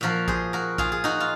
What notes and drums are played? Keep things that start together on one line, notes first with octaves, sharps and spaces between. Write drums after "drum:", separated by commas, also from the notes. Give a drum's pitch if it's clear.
A#2 F3 A#3 F#4 A#4
G#4 C5, drum: kick
F#4 A#4
F4 G#4, drum: kick
G#4
D#4 F#4
F4